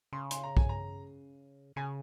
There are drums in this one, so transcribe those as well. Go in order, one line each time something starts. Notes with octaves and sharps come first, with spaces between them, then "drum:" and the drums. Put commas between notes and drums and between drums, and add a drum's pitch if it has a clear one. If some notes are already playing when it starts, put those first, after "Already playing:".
C#3 C6
C6, drum: hi-hat
A#5
G#5, drum: kick
A#5
C#3 G#5